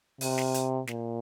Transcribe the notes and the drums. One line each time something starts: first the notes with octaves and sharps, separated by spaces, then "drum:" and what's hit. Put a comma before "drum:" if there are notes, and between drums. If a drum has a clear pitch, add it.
C3, drum: open hi-hat
drum: snare
drum: hi-hat
A#2, drum: snare